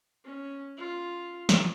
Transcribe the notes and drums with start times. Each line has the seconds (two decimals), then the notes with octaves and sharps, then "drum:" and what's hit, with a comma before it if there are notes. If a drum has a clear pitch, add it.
0.25 C#4
0.77 F4
1.49 drum: snare